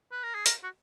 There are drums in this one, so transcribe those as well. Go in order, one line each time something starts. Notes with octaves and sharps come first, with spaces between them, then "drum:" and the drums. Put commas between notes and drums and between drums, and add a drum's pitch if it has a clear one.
B4
A#4
G#4
A#4, drum: hi-hat
F#4